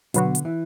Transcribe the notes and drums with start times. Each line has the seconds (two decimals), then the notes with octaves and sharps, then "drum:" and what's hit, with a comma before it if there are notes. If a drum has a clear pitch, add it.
0.14 B2 D3 F#3 B3 F#4, drum: hi-hat
0.35 drum: hi-hat
0.45 E3